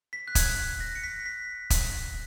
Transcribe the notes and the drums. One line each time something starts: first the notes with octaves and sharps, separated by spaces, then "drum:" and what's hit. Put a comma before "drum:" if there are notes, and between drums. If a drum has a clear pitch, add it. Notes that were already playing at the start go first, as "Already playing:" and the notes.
B6
F#6
G#6, drum: kick, hi-hat
A#6
C#7
B6
B6
drum: kick, hi-hat